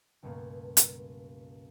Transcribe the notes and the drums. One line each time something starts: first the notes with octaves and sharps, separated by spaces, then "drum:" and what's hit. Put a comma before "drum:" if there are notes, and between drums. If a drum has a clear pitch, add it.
C#2 G2 B2 A3 A#3
drum: hi-hat